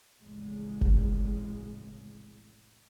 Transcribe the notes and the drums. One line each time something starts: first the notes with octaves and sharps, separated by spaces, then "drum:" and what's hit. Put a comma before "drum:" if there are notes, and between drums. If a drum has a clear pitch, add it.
F1 B1 E2 A2 C#3 G#3
drum: kick F#1